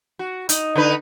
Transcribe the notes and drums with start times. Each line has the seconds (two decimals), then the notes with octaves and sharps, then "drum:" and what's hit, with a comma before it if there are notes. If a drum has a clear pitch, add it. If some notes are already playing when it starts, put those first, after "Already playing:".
0.19 F#4
0.49 D#4, drum: hi-hat
0.76 D3 D#4 B4